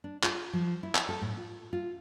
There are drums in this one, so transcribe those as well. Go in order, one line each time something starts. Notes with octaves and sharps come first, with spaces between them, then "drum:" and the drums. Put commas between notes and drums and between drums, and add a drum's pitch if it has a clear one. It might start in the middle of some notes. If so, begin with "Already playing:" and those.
D4
F4, drum: clap
F3
E4
drum: clap
A4
A2
F4
F4